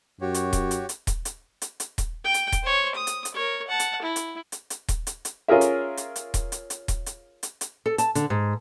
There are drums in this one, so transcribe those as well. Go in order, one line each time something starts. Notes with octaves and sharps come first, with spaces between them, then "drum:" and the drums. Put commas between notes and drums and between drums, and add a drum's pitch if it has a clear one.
F#2 F#4 G4 C#5
drum: hi-hat
drum: kick D#1, hi-hat
drum: hi-hat
drum: hi-hat
drum: kick D#1, hi-hat
drum: hi-hat
drum: hi-hat
drum: hi-hat
drum: kick D#1, hi-hat
G5
drum: hi-hat
drum: kick D#1, hi-hat
C5 C#5
D#6
drum: hi-hat
drum: hi-hat
A#4 C#5
F#5 A5
drum: hi-hat
E4
drum: hi-hat
drum: hi-hat
drum: hi-hat
drum: kick D#1, hi-hat
drum: hi-hat
drum: hi-hat
C#4 F4 G#4 A#4 E5
drum: hi-hat
drum: hi-hat
drum: hi-hat
drum: kick D#1, hi-hat
drum: hi-hat
drum: hi-hat
drum: kick D#1, hi-hat
drum: hi-hat
drum: hi-hat
drum: hi-hat
A4
A5, drum: hi-hat
D3, drum: hi-hat
G#2